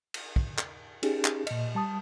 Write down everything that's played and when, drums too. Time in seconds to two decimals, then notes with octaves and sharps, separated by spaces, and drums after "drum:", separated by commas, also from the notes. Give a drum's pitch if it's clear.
0.14 drum: cymbal
0.36 drum: kick
0.58 drum: clap
1.03 C#4 D#4 G4 G#4, drum: cymbal
1.25 drum: clap
1.47 A#2 D#5, drum: cymbal
1.75 G3 A5 D#6